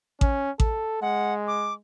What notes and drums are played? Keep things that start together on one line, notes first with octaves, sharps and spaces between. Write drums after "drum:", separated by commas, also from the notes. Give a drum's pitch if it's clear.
C#4, drum: kick A1
A4, drum: kick A1
G#3 F#5
D6